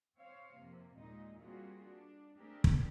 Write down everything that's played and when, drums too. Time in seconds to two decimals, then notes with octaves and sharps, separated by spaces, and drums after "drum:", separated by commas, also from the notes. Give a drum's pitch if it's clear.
0.18 C4 C5 C#5 F5
0.56 F2 C3 A#3
0.96 D#2 A#2 G#3 D#4
1.40 G3 A#3 C4 F4 F#4 G#4
1.86 D4
2.37 A3 C4 D4 G4 G#4 A#4
2.64 drum: kick